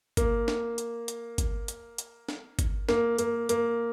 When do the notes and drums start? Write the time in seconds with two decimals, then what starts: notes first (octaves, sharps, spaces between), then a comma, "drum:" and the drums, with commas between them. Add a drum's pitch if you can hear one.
0.17 A#3, drum: kick G1, hi-hat
0.48 drum: snare
0.78 drum: hi-hat
1.08 drum: hi-hat
1.38 drum: kick G1, hi-hat
1.68 drum: hi-hat
1.98 drum: hi-hat
2.29 drum: snare
2.59 drum: kick G1, hi-hat
2.89 A#3, drum: snare
3.18 A#3, drum: hi-hat
3.49 A#3, drum: hi-hat